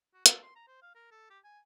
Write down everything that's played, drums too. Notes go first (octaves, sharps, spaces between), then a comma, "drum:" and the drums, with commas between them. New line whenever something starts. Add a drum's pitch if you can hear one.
F#4
A4, drum: hi-hat
C6
A#5
C5
F5
A#4
A4
G4
G#5